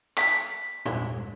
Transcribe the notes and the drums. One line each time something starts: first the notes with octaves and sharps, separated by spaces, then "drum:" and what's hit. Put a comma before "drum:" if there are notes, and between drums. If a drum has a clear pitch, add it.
B6, drum: clap
drum: tom A#2